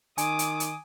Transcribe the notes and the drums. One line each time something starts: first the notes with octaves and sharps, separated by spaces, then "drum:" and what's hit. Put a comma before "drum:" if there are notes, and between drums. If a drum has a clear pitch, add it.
D#3 G#5 D6 D#6, drum: hi-hat
drum: hi-hat
drum: hi-hat